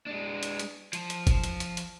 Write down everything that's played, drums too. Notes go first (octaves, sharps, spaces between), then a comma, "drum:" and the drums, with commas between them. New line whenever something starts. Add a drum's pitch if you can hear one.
G#3 D4
drum: hi-hat
drum: hi-hat
F3, drum: hi-hat
drum: hi-hat
drum: kick, hi-hat
drum: hi-hat
drum: hi-hat
drum: hi-hat